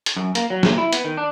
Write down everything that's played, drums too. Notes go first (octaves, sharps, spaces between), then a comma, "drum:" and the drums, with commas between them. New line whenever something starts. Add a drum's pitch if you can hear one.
drum: hi-hat
F#2
A#3, drum: hi-hat
F#3
A#2, drum: snare
E4
B3, drum: hi-hat
D#3
D4